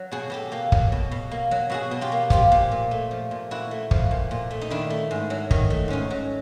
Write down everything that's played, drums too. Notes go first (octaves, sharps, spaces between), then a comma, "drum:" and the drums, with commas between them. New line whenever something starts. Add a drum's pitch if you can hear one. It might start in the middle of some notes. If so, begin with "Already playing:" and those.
Already playing: F#3
B2 F#4 G#4
B2 G4 A4
A#3 G4 A4
F#3, drum: kick
B2
B2
A#3
F#3
B2 F#4 G#4
B2
F4 G4
A#3
F3 F4 G4, drum: kick
A#2
A#2
A3
F3
A#2
A#2 E4 F#4
A3
F3, drum: kick
A#2
A#2
A3
D#4
D#3 D4 E4
A3
G#2
F#3
D#3, drum: kick
A3
G#2 C#4 D#4
F#3